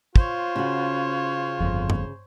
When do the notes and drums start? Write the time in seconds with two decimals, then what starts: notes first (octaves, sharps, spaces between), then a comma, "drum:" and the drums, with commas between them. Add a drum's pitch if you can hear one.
0.16 F4 C5 C#5, drum: kick
0.56 C#3 F#4
1.60 G1 F2
1.90 drum: tom G2